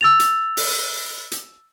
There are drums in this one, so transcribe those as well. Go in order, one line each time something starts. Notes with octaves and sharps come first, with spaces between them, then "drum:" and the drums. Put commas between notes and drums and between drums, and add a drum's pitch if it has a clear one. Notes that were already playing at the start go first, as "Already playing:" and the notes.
E6 A6 F7
drum: hi-hat
drum: open hi-hat
drum: hi-hat